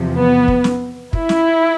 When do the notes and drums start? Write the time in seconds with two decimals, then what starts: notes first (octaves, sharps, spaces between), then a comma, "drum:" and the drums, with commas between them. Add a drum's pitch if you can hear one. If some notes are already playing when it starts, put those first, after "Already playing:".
Already playing: E2 C3 F3
0.16 B3
0.48 drum: kick
0.64 drum: snare
1.13 E4, drum: kick
1.29 drum: snare